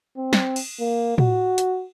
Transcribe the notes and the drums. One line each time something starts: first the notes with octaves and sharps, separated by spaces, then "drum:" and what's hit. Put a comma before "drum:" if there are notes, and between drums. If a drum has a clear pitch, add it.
C4
drum: snare
drum: cymbal
A#3
F#4, drum: tom A2
drum: hi-hat